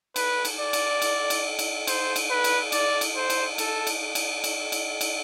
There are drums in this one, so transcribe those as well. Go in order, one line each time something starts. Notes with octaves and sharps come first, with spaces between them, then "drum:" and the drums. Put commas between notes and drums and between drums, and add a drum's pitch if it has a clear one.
B4, drum: cymbal
drum: cymbal
D5
drum: cymbal
drum: cymbal
drum: cymbal
drum: cymbal
C5, drum: cymbal
drum: cymbal
B4
drum: cymbal
D5, drum: cymbal
drum: cymbal
C5
drum: cymbal
A4, drum: cymbal
drum: cymbal
drum: cymbal
drum: cymbal
drum: cymbal
drum: cymbal